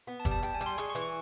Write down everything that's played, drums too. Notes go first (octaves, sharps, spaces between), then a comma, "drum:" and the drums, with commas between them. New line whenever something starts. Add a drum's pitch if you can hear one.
B3
A5
G3, drum: kick, hi-hat
A5
G3 G5, drum: hi-hat
G#5
G3, drum: hi-hat
C6
G#3 C#6, drum: hi-hat
C#6
E3, drum: hi-hat
C#6